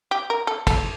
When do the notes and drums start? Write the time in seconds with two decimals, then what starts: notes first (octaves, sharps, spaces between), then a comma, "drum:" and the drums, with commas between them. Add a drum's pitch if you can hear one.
0.11 G4
0.30 A#4
0.47 A4
0.67 A4, drum: kick, cymbal